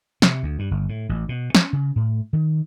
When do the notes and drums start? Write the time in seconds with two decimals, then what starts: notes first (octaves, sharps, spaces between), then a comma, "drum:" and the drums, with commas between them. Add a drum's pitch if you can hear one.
0.22 C3, drum: snare
0.43 D2
0.59 G2
0.71 G1
0.89 A2
1.09 A1
1.29 B2
1.55 C#4, drum: snare
1.73 C#3
1.96 A2
2.33 D#3